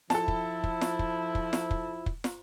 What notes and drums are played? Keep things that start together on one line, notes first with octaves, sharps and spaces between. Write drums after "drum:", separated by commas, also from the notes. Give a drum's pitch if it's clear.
F3 E4 A4 A5, drum: snare
drum: kick
drum: kick
drum: snare
drum: kick
drum: kick
drum: snare
drum: kick
drum: kick
drum: snare